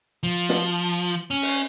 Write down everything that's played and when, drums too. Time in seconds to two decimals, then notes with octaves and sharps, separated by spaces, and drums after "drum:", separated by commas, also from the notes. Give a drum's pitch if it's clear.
0.23 F3
0.49 drum: snare
1.31 C#4
1.42 drum: open hi-hat